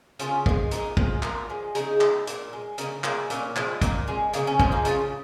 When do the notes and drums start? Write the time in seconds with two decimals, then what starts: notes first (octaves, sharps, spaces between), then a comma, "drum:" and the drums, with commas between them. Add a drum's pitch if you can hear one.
0.19 C#3 C#4 F4, drum: hi-hat
0.46 F3 G#3, drum: kick
0.71 A#2 D#4 G#4, drum: hi-hat
0.97 F3 G#3, drum: kick
1.23 A#2 F4 A#4, drum: clap
1.50 F3 G#3
1.75 C#3 D#4 G#4, drum: hi-hat
2.01 G#3, drum: clap
2.27 A#2, drum: hi-hat
2.53 G#3
2.78 C#3 A#3 D#4, drum: hi-hat
3.04 G#3 A#3 D#4, drum: clap
3.30 A#2 C#4, drum: hi-hat
3.56 F3 G#3, drum: clap
3.81 A#2 A#3 D#4, drum: kick, hi-hat
4.08 G#3 C#4
4.33 C#3 A#3 D#4, drum: hi-hat
4.47 C#4
4.60 F3 G#3 C#4, drum: kick
4.72 A#3 D#4
4.85 C#3 C#4 F4, drum: hi-hat